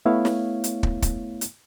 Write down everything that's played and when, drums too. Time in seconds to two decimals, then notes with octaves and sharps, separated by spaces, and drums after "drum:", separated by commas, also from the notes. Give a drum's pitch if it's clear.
0.05 A3 B3 E4 C#5 F5
0.25 drum: snare
0.64 drum: hi-hat
0.83 drum: kick
1.02 drum: kick, hi-hat
1.41 drum: hi-hat